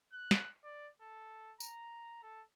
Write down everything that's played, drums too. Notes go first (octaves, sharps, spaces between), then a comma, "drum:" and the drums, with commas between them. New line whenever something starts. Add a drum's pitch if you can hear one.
F#6
drum: snare
D5
A4
A#5, drum: tambourine
A4